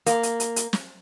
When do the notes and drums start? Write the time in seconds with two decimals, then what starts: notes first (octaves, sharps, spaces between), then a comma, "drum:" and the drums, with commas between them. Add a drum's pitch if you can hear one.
0.06 A#3, drum: hi-hat
0.23 drum: hi-hat
0.40 drum: hi-hat
0.56 drum: hi-hat
0.73 drum: snare